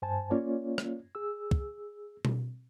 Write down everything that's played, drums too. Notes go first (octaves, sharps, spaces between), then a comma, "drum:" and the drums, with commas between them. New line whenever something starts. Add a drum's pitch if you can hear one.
G2 C5 G#5 A5
A#3 C#4 F4 C#5 D5
drum: rim click
G#4 E6
drum: kick
drum: tom B2